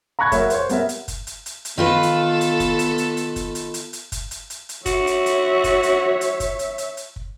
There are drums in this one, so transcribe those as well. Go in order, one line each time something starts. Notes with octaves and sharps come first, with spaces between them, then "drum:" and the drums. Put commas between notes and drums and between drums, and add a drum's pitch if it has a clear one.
A#5 B5 C#6 F#6 G#6
F#3 A#3 A#4 C#5 E5, drum: kick, hi-hat
C5 C#5, drum: hi-hat
G3 B3 A#4 E5, drum: hi-hat
drum: hi-hat
drum: kick, hi-hat
drum: hi-hat
drum: hi-hat
drum: hi-hat
D#3 B3 F4 A4 B4
drum: hi-hat
drum: hi-hat
drum: kick, hi-hat
drum: hi-hat
drum: hi-hat
drum: hi-hat
drum: kick, hi-hat
drum: hi-hat
drum: hi-hat
drum: hi-hat
drum: kick, hi-hat
drum: hi-hat
drum: hi-hat
drum: hi-hat
F#4 C#5 E5, drum: kick, hi-hat
drum: hi-hat
drum: hi-hat
drum: kick, hi-hat
drum: hi-hat
drum: hi-hat
drum: kick, hi-hat
drum: hi-hat
drum: hi-hat
drum: hi-hat
drum: kick